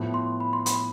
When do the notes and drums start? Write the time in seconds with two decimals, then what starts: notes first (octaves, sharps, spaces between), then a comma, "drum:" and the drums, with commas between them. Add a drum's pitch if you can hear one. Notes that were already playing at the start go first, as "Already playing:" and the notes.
Already playing: A2 F3 B3
0.14 C6
0.40 B5
0.53 C6
0.66 B5, drum: hi-hat